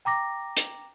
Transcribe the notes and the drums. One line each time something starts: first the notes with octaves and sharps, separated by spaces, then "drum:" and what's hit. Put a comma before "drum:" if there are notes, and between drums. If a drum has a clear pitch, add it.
G5 A#5 D6 A#6
drum: hi-hat